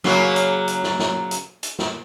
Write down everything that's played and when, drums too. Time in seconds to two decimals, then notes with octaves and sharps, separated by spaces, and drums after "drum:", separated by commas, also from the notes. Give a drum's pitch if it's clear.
0.04 C#3 F#3 A#3, drum: snare
0.36 drum: hi-hat
0.68 drum: hi-hat
0.84 drum: snare
0.99 drum: snare
1.31 drum: hi-hat
1.63 drum: hi-hat
1.79 drum: snare